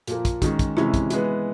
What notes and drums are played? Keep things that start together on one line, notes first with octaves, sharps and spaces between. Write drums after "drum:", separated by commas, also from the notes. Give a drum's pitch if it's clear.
A#2 F3 A#3, drum: hi-hat
drum: kick, hi-hat
D#3 G#3 C#4, drum: kick, hi-hat
drum: kick, hi-hat
C3 E3 G#3 C#4 E4, drum: rim click
drum: kick, hi-hat
E3 G#3 B3, drum: hi-hat